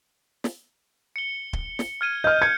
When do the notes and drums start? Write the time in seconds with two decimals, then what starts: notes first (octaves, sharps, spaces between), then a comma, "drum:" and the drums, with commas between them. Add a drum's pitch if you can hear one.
0.44 drum: snare
1.16 C#7 G7
1.53 drum: kick
1.79 drum: snare
2.01 F6 G#6 D#7
2.24 D#5 F6 G6
2.42 G#6 C#7